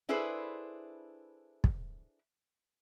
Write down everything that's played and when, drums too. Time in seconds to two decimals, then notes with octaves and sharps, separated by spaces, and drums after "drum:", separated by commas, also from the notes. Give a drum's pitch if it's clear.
0.09 D4 E4 G#4 A4 B4 C5
1.64 drum: kick